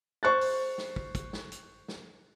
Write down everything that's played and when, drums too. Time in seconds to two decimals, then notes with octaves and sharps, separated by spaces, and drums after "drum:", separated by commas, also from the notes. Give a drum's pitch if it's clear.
0.23 C5 C#6 F#6 A6
0.41 drum: open hi-hat
0.78 drum: snare
0.96 drum: kick
1.15 drum: kick, hi-hat
1.33 drum: snare
1.52 drum: hi-hat
1.88 drum: snare